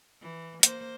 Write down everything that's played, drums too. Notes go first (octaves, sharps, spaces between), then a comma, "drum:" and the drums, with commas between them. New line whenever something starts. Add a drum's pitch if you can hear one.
E3
A#3 C5, drum: hi-hat